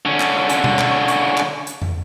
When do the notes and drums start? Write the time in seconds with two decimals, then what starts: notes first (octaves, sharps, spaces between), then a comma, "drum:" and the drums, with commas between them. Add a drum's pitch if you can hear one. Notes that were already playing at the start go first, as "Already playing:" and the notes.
0.05 D3 C#4
0.20 drum: clap
0.49 drum: hi-hat
0.64 drum: tom B2
0.79 drum: clap
1.08 drum: hi-hat
1.38 drum: clap
1.67 drum: hi-hat
1.82 drum: tom